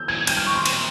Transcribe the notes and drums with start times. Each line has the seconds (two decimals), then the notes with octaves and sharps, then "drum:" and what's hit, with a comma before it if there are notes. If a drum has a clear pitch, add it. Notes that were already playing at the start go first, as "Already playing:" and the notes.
Already playing: E6 G6
0.08 A#2 G#6
0.15 G#2
0.27 G2 G6, drum: cymbal
0.37 F6
0.47 C#6
0.56 C6
0.66 A#2, drum: cymbal